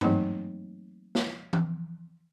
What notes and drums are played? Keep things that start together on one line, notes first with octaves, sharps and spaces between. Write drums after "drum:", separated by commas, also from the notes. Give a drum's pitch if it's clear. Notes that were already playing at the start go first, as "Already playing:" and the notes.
E3 F#3 A3 A#3 C4 D#4, drum: tom G2
drum: snare
drum: tom E3